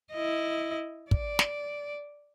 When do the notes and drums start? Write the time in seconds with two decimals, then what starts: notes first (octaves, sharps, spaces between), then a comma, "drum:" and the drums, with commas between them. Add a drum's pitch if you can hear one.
0.11 E4 D#5
1.11 D5, drum: kick
1.39 drum: snare